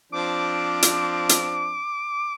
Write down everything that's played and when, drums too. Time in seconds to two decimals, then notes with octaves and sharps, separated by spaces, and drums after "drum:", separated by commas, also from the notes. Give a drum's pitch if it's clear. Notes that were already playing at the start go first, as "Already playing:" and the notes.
0.12 F3 C4 D4 D6
0.82 drum: hi-hat
1.29 drum: hi-hat